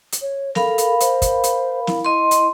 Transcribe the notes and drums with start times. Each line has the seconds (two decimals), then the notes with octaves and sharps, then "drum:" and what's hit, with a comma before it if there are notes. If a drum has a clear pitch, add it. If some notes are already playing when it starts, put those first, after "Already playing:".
0.12 drum: hi-hat
0.22 C#5
0.55 A4 A#4 F5 B5, drum: snare
0.78 drum: hi-hat
1.00 C5, drum: hi-hat
1.22 drum: kick, hi-hat
1.44 drum: hi-hat
1.87 E4, drum: snare
2.05 D#5 C6
2.31 drum: hi-hat